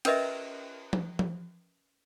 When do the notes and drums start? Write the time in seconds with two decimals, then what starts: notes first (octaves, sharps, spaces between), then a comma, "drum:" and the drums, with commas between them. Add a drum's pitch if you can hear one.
0.05 C#4 A#4 B4 D#5 E5, drum: cymbal
0.93 drum: tom F3
1.19 drum: tom F3